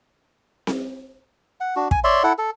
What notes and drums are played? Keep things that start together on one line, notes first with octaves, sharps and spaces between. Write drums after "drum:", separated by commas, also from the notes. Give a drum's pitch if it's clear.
drum: snare C4
F#5
D4 F#4
G#5, drum: kick
C#5 D5 E5 C6
E4 A4 F#5
A4